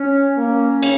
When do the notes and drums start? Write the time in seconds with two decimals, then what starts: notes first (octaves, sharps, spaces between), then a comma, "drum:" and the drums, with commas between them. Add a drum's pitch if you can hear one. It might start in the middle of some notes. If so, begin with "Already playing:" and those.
Already playing: C#4
0.38 A#3 C#4
0.83 C#3, drum: cymbal